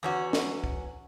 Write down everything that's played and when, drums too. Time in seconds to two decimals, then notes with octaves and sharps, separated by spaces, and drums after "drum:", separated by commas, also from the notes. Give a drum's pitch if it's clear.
0.03 E2 C#4 F#4
0.33 drum: snare
0.64 drum: kick